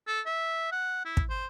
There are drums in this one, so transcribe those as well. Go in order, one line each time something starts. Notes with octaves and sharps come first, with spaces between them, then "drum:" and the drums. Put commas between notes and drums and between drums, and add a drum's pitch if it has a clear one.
A4
E5
F#5
E4
drum: kick
C5